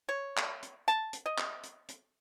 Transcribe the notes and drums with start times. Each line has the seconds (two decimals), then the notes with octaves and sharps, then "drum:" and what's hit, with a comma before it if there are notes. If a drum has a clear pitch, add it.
0.09 C#5
0.37 drum: clap
0.63 drum: hi-hat
0.88 A5, drum: hi-hat
1.13 drum: hi-hat
1.26 D#5
1.38 drum: clap
1.63 drum: hi-hat
1.88 drum: hi-hat